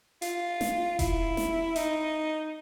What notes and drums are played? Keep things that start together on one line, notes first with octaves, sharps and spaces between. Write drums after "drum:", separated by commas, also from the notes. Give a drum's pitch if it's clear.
F4, drum: hi-hat
drum: snare
E4, drum: kick E1, hi-hat
drum: snare
D#4, drum: hi-hat